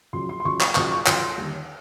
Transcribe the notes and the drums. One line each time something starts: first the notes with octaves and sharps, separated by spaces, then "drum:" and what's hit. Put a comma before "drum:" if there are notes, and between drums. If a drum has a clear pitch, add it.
C#2 C#3 F#3 C6
C6
C6
C#2 C#3 F#3 C#6
C#6, drum: clap
C#2 C#3 F#3 C#6, drum: clap
C#6
C#2 C#3 F#3 C6, drum: clap
D#2 D3 G3